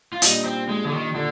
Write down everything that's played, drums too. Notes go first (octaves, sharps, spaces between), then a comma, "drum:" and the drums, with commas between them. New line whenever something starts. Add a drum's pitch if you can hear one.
F4
A#2 G3 D4 D#4, drum: hi-hat
C4
G#3
D3
D#3
A#2 D3 D4